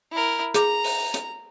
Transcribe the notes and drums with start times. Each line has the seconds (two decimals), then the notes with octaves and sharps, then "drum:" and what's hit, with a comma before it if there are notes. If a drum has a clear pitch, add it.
0.12 E4 A#4
0.54 G#4 A#5 D6, drum: hi-hat
0.84 drum: open hi-hat
1.14 drum: hi-hat